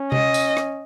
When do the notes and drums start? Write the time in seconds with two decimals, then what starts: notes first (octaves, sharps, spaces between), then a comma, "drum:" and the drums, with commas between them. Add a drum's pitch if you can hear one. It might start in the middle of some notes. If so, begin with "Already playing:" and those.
Already playing: C#4
0.12 D#5, drum: tom C3
0.34 drum: tambourine
0.57 drum: rim click